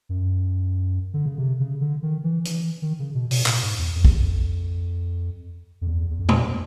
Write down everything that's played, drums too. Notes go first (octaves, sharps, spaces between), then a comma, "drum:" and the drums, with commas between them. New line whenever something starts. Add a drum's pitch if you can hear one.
F#2
D3
C#3
C3
C#3
D3
D#3
E3
E3, drum: hi-hat
D#3
C#3
B2
B2, drum: open hi-hat
A#2, drum: clap
G#2
E2
F2
drum: kick A#1
F2
E2
E2
F2
drum: tom A#2